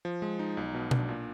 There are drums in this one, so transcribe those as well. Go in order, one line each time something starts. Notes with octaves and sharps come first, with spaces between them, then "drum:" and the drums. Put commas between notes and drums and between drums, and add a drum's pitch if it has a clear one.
F3
G#3
D#4
B1
B2
D4, drum: tom B2
A#2